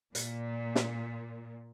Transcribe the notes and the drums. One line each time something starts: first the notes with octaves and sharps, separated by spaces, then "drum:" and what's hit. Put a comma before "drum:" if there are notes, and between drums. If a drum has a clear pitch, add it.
A#2, drum: hi-hat
drum: snare